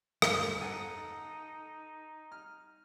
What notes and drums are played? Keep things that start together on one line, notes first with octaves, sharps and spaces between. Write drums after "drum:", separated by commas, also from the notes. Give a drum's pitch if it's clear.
D2 G2 B3, drum: rim click
D#4 A4 F#5 G#5
F6